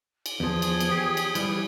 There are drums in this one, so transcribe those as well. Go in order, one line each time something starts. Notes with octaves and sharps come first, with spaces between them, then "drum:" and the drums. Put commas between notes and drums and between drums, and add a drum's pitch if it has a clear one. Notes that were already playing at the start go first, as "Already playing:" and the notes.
drum: cymbal
E2 F3 G#4
drum: cymbal
drum: cymbal
G4
drum: cymbal
E3 G3, drum: cymbal